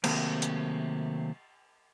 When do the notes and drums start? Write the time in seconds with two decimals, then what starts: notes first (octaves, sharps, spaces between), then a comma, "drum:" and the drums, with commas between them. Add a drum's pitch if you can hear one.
0.04 C3 D#3 F#3 A3 A#3 C4, drum: cymbal
0.42 drum: hi-hat